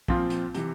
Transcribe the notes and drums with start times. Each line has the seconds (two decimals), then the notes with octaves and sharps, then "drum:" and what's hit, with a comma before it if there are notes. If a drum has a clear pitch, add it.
0.08 A#2 F3 C4 F4, drum: kick
0.30 drum: hi-hat
0.55 C3 E3, drum: hi-hat